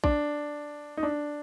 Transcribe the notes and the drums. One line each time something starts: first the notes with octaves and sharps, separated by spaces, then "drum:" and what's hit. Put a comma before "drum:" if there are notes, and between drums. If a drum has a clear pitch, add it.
D4, drum: kick
D#4
D4